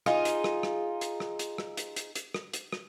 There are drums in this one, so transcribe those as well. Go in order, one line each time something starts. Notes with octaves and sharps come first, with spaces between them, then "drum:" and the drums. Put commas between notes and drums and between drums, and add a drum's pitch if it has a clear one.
D#4 F4 G#4, drum: rim click
drum: hi-hat
drum: rim click
drum: rim click
drum: hi-hat
drum: rim click
drum: hi-hat
drum: rim click
drum: hi-hat
drum: hi-hat
drum: hi-hat
drum: rim click
drum: hi-hat
drum: rim click